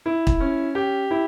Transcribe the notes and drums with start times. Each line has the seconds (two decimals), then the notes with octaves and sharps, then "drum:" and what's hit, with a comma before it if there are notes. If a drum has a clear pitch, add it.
0.06 E4
0.27 drum: kick
0.40 C#4
0.75 G4
1.11 E4